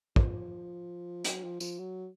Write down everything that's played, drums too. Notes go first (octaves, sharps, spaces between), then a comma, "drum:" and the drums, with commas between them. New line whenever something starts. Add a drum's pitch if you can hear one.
F3, drum: kick
F#3, drum: hi-hat
F3
F3, drum: tambourine
F#3